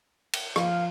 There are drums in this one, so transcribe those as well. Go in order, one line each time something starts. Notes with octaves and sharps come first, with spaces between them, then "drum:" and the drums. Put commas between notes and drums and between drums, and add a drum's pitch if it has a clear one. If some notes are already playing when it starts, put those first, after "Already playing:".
drum: cymbal
F3 F5, drum: rim click